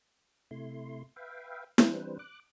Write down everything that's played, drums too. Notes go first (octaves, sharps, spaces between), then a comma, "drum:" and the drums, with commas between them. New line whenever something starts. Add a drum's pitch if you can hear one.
C3 A3 E4 C6
B4 E5 F5 G5
E3 G3 C4 D4 B4 C5, drum: snare E4
D6 F#6